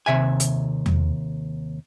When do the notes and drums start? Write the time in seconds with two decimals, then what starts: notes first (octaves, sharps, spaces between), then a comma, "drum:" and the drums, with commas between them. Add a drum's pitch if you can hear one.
0.06 D#2 C3 E5 G#5
0.40 drum: hi-hat
0.86 drum: tom E2